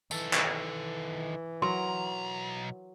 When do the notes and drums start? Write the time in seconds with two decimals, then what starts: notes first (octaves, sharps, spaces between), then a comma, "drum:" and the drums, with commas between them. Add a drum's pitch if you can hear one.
0.11 D#3 E3 A4, drum: tambourine
0.33 drum: clap
1.62 B1 F#3 A#4 A#5 C6